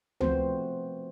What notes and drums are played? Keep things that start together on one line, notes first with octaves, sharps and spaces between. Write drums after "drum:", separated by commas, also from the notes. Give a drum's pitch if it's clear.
F3 A3 B3 C4 F#4 C5, drum: tom C#2